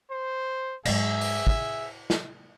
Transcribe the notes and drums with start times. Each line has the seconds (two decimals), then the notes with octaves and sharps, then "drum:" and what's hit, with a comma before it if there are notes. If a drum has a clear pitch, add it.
0.11 C5
0.85 G#2 F#3 G#4 E5, drum: cymbal
1.21 drum: open hi-hat
1.47 E4, drum: kick
2.10 drum: snare